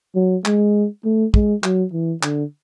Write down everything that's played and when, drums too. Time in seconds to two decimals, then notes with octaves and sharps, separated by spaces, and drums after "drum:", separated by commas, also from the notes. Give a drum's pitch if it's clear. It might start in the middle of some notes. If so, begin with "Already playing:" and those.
0.15 F#3
0.45 G#3, drum: clap
1.05 A3
1.34 G#3, drum: kick
1.64 F#3, drum: clap
1.93 E3
2.23 D3, drum: clap